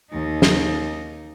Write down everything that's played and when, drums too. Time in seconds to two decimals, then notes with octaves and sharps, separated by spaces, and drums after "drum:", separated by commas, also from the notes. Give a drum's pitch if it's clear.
0.12 D#2 D#4
0.42 drum: snare